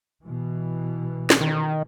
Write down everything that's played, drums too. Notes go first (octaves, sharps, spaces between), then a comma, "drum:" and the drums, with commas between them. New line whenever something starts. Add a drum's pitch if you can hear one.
B2 E3
drum: snare
D#3